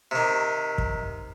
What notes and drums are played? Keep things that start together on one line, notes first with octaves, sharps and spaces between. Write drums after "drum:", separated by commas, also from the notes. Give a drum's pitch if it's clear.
C3 D#3
drum: kick